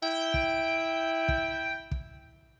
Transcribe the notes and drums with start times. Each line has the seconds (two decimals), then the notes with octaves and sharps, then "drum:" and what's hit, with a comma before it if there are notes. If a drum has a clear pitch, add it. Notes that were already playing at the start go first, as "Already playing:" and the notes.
0.02 E4 G5
0.34 drum: kick
1.28 drum: kick
1.91 drum: kick